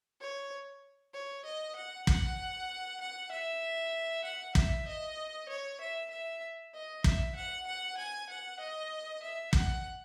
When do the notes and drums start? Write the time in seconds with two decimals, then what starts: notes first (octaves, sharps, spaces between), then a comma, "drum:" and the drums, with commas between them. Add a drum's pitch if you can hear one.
0.21 C#5
1.13 C#5
1.45 D#5
1.75 F#5
2.07 F#5, drum: kick
3.00 F#5
3.31 E5
4.24 F#5
4.55 E5, drum: kick
4.87 D#5
5.49 C#5
5.80 E5
6.10 E5
6.74 D#5
7.04 E5, drum: kick
7.35 F#5
7.66 F#5
7.97 G#5
8.29 F#5
8.59 D#5
9.22 E5
9.53 F#5, drum: kick